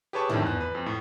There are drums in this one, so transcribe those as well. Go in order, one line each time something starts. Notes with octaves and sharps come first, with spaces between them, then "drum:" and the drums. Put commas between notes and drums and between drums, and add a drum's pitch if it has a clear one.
G4 G#4 B4 C#5 A5 C#6
F2 D3 D#3 E4, drum: tom
E2 F#6
B4
F2
A2